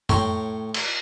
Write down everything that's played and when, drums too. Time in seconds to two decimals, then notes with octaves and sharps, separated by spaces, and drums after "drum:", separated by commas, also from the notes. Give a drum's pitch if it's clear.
0.09 A2 C#5 G5 A#5 C6, drum: tom F2
0.74 drum: cymbal